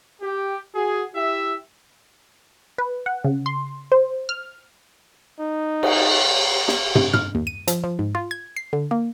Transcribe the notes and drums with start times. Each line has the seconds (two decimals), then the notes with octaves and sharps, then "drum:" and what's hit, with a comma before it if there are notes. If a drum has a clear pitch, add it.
0.22 G4
0.74 F#4 G#4
1.14 E4 G4 E5
2.78 B4
3.06 F#5
3.24 C#3
3.46 C6
3.92 C5
4.29 F6
5.39 D#4
5.83 drum: cymbal
6.68 drum: snare
6.95 C3, drum: tom
7.13 F6, drum: tom
7.35 D#2
7.47 D#7
7.68 F3, drum: hi-hat
7.84 F3
7.99 G#2
8.15 F4
8.31 G#6
8.56 C7
8.73 D3
8.91 A#3